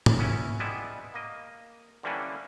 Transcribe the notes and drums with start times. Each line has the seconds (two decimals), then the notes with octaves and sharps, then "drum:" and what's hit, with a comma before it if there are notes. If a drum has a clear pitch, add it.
0.06 drum: tom
0.18 B3 C#4 E4
0.59 G3 G#3 B3 E4 G#5 A5
1.14 A#3 D#5
2.03 D3 E3 G3 A#3 C#4 D4